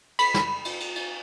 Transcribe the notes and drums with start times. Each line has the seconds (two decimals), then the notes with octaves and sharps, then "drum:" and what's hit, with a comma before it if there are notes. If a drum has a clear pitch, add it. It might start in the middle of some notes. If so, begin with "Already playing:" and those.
0.19 B5, drum: cymbal
0.34 drum: snare
0.65 drum: cymbal
0.80 drum: cymbal
0.96 drum: cymbal